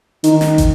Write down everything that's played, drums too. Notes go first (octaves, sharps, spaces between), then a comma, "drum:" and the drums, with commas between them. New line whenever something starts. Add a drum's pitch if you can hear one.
D#3, drum: hi-hat
drum: snare
drum: kick, hi-hat